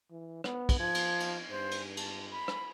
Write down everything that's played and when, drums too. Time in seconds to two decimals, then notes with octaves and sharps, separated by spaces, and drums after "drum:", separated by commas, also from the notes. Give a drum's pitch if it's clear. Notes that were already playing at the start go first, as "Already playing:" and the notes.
0.11 E3
0.44 B3, drum: rim click
0.69 drum: kick, cymbal
0.79 F3 G#6
0.95 drum: cymbal
1.20 drum: cymbal
1.50 G2 C5
1.71 drum: cymbal
1.97 A5, drum: cymbal
2.31 B5
2.48 drum: rim click